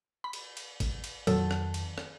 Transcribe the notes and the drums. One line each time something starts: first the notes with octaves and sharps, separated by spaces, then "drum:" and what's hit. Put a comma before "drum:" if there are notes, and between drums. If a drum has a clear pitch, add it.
B5
drum: cymbal
drum: cymbal
drum: kick, cymbal
drum: cymbal
F2 A#2 D#3 F#3 A4 A5, drum: cymbal
drum: rim click
drum: cymbal
drum: rim click